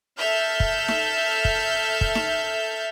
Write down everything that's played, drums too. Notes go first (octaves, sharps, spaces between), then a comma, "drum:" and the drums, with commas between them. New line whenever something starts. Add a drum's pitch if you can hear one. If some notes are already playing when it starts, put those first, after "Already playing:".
A4 E5 F6 G6
drum: kick
drum: snare D#4
drum: kick
drum: kick
drum: snare D#4